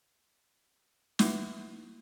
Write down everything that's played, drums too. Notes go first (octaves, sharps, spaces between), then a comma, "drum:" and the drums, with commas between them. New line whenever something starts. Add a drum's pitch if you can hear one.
A3 A#3 E4 F#4 B4 E5, drum: snare